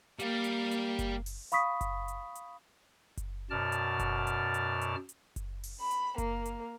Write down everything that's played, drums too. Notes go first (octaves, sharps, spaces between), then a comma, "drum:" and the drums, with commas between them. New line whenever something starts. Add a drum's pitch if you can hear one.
G3 A#3 A#4 F5, drum: hi-hat
drum: hi-hat
drum: hi-hat
drum: kick F#1, hi-hat
drum: open hi-hat
F5 B5 C#6 D#6 B6, drum: hi-hat
drum: kick F#1, hi-hat
drum: hi-hat
drum: hi-hat
drum: kick F#1, hi-hat
F#2 B2 D5 A5 F6
drum: hi-hat
drum: kick F#1, hi-hat
drum: hi-hat
drum: hi-hat
drum: hi-hat
drum: hi-hat
drum: kick F#1, hi-hat
drum: open hi-hat
B5
drum: hi-hat
A#3, drum: kick F#1, hi-hat
drum: hi-hat